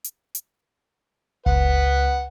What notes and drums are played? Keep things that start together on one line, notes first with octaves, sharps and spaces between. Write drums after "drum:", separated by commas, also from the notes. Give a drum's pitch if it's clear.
drum: hi-hat
drum: hi-hat
C#2 B4 F#5, drum: kick F#1